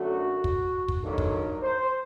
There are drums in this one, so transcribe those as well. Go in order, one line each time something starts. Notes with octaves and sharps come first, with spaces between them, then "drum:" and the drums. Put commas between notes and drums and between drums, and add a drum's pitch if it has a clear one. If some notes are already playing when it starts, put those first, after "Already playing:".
Already playing: F#2 D3 F#3 A3 F#4
drum: kick
drum: kick
G2 D#3 F#3 A#3 A4
drum: kick
A#4
C5